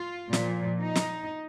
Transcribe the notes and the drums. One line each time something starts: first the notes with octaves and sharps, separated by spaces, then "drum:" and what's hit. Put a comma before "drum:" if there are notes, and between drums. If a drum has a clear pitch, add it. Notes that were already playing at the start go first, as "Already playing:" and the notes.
Already playing: F4
A#2 F3, drum: snare
D#4
drum: snare